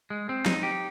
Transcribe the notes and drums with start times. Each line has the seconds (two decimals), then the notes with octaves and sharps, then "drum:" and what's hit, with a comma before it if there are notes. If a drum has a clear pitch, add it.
0.10 G#3
0.29 C4
0.46 D#4, drum: snare
0.63 G4